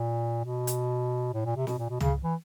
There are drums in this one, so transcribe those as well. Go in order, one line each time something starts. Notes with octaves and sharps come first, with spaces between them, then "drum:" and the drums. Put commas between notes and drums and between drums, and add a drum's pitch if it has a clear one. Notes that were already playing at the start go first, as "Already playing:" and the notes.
Already playing: A#2
B2
drum: hi-hat
A2
A#2
C3
B2, drum: snare
A#2
B2
C#3, drum: tom
E3